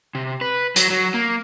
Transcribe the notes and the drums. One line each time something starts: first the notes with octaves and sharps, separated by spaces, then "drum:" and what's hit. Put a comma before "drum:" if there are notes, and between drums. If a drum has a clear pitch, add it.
C3
B4
F#3, drum: hi-hat
F#3
A#3